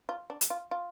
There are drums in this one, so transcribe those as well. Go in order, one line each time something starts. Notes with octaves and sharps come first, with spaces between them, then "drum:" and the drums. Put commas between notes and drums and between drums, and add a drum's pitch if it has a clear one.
F4
D4
drum: hi-hat
F4
F4